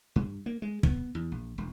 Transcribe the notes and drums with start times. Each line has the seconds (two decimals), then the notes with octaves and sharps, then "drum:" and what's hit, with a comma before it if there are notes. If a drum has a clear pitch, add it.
0.16 G2
0.46 A#3
0.62 G#3
0.83 B3, drum: kick
1.15 E2
1.32 A#1
1.58 E1